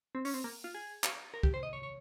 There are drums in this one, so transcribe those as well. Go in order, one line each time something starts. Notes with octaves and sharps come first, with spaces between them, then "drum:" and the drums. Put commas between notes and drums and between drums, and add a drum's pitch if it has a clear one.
C4
C#4, drum: open hi-hat
C4
A#3
F4
G#4
drum: clap
A#4
G4, drum: kick
C5
D#5
C#5
C#5